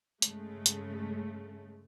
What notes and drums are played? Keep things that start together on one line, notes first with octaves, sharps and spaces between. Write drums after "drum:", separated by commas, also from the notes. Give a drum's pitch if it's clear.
G2 C#3 G#3 A3, drum: hi-hat
drum: hi-hat